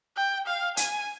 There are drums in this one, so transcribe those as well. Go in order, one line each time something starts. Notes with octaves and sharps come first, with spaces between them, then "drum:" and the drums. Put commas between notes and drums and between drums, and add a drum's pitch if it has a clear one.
G5
F5
G#5, drum: hi-hat